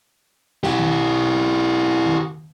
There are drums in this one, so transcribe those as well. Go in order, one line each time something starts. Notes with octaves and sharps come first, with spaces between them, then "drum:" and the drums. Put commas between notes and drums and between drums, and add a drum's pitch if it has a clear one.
E4 G4, drum: snare
drum: tom D#3
drum: tom D#3